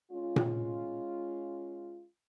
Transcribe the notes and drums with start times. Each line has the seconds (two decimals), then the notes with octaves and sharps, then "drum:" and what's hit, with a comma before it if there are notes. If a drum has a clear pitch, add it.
0.12 G#3 C#4 F4
0.36 drum: tom A#2